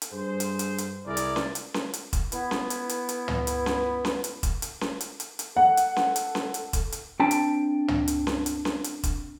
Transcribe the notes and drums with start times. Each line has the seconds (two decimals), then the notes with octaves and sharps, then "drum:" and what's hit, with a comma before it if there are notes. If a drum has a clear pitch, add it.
0.02 drum: hi-hat
0.12 G2 G#4 C5
0.40 drum: hi-hat
0.59 drum: hi-hat
0.78 drum: hi-hat
1.06 C2 E4 G#4 A#4 D5
1.17 drum: hi-hat
1.36 drum: snare C#4
1.55 drum: hi-hat
1.74 drum: snare C#4
1.93 drum: hi-hat
2.13 drum: kick, hi-hat
2.32 B3 E4, drum: hi-hat
2.51 drum: snare C#4
2.70 drum: hi-hat
2.89 drum: hi-hat
3.09 drum: hi-hat
3.28 drum: tom
3.47 drum: hi-hat
3.66 drum: snare C#4
4.05 drum: snare C#4
4.24 drum: hi-hat
4.43 drum: kick, hi-hat
4.62 drum: hi-hat
4.81 drum: snare C#4
5.01 drum: hi-hat
5.20 drum: hi-hat
5.39 drum: hi-hat
5.57 A4 F#5
5.77 drum: hi-hat
5.96 drum: snare C#4
6.16 drum: hi-hat
6.35 drum: snare C#4
6.54 drum: hi-hat
6.73 drum: kick, hi-hat
6.92 drum: hi-hat
7.20 C4 D4 G5 A5
7.31 drum: hi-hat
7.88 drum: tom
8.08 drum: hi-hat
8.27 drum: snare C#4
8.46 drum: hi-hat
8.65 drum: snare C#4
8.84 drum: hi-hat
9.03 drum: kick, hi-hat